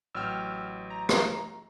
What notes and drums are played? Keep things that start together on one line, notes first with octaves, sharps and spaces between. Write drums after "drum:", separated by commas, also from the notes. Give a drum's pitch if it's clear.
A1 F#3 G5 E6 F6
A#5
drum: rim click